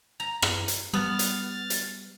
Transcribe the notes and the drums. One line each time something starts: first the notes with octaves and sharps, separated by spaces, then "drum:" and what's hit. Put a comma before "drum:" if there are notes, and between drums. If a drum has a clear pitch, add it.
A#5
drum: rim click
drum: hi-hat
G3 B3 F6 A6
drum: hi-hat
drum: hi-hat